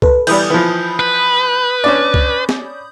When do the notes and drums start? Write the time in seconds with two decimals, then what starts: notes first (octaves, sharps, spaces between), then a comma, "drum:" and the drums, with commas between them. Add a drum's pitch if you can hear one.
0.02 A4 B4, drum: kick C#2
0.27 E3 G3 B5 D#6 G6, drum: cymbal
0.50 E3 F3
1.00 B4
1.84 C#4 D4 D5
2.14 drum: kick C#2
2.49 drum: snare